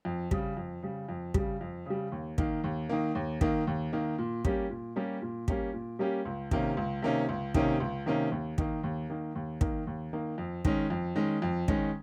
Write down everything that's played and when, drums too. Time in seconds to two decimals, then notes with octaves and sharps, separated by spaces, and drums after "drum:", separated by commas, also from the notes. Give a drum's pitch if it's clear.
0.05 F2
0.31 C#3 G3, drum: kick
0.57 F2
0.83 C#3 G3
1.09 F2
1.34 C#3 G3, drum: kick
1.61 F2
1.86 C#3 G3
2.12 D#2
2.38 D#3 A#3, drum: kick
2.64 D#2
2.89 D#3 A#3
3.15 D#2
3.41 D#3 A#3, drum: kick
3.67 D#2
3.93 D#3 A#3
4.18 A#2
4.45 G3 A#3 C#4 G4, drum: kick
4.70 A#2
4.96 G3 A#3 C#4 G4
5.22 A#2
5.48 G3 A#3 C#4 G4, drum: kick
5.73 A#2
5.99 G3 A#3 C#4 G4
6.25 C#2
6.51 C3 D#3 A#3 C#4, drum: kick
6.77 C#2
7.02 C3 D#3 A#3 C#4
7.29 C#2
7.54 C3 D#3 A#3 C#4, drum: kick
7.80 C#2
8.06 C3 D#3 A#3 C#4
8.31 D#2
8.58 D#3 A#3, drum: kick
8.83 D#2
9.10 D#3 A#3
9.35 D#2
9.61 D#3 A#3, drum: kick
9.87 D#2
10.13 D#3 A#3
10.38 F2
10.65 D#3 G#3 C#4, drum: kick
10.90 F2
11.15 D#3 G#3 C#4
11.42 F2
11.68 D#3 G#3 C#4, drum: kick